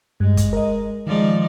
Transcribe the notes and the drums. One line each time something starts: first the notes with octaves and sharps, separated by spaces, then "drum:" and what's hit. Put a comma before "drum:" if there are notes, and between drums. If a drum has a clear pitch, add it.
G2 G#3
drum: kick, hi-hat
A#4 D#5
D#3 F3 G#3 D#4 D5